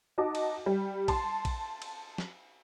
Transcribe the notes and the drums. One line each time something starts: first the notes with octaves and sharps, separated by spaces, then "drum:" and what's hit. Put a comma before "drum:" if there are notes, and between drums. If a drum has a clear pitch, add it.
D#4 F#4 D#5 A5 D6
drum: cymbal
G3
A5 C6, drum: kick, cymbal
drum: kick, cymbal
drum: cymbal
drum: snare